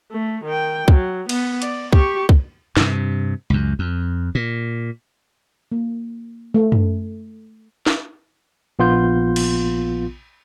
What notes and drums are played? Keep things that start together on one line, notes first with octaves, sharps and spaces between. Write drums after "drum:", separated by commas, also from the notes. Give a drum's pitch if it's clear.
A3
D#3 G5
F#3, drum: kick
B3, drum: cymbal
D5, drum: hi-hat
G4 C#6, drum: kick
drum: kick
G2 C3, drum: snare
C#2 F#2
F2
A#2
A#3
A3
drum: tom F#2
drum: snare
A#1 B3 F4 C6 G6
drum: cymbal